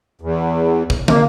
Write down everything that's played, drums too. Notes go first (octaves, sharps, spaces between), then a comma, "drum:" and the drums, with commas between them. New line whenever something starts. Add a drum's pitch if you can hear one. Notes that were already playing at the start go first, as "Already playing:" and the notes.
E2
drum: kick
A#3, drum: tom